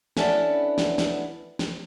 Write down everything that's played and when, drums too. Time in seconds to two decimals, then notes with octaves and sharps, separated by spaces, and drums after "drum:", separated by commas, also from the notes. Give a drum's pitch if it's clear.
0.17 B3 C#4 D4 E4 A4 F#5, drum: snare
0.78 drum: snare
0.98 drum: snare
1.59 drum: snare